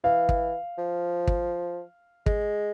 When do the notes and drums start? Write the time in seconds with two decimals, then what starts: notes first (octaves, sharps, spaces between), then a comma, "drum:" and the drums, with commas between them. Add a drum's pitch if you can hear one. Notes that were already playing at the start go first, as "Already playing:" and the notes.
0.04 E3 F5
0.29 drum: kick
0.78 F3
1.27 drum: kick
2.26 G#3, drum: kick